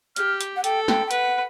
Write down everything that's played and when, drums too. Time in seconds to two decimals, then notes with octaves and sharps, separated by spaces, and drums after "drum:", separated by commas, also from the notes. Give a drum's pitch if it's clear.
0.16 G4 F6, drum: hi-hat
0.41 drum: hi-hat
0.56 F#5
0.64 A4 G5, drum: hi-hat
0.88 G5, drum: snare
1.07 G5
1.11 B4 F#5, drum: hi-hat